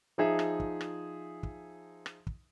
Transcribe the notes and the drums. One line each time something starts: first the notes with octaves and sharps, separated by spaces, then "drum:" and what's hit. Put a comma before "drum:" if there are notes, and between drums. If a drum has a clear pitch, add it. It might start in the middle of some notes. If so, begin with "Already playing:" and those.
F3 D#4 G#4 E5
drum: rim click
drum: kick
drum: rim click
drum: kick
drum: rim click
drum: kick